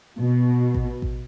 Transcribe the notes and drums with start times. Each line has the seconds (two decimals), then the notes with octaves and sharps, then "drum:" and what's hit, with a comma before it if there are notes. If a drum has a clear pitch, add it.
0.19 B2
0.74 drum: kick A1
1.02 drum: kick A1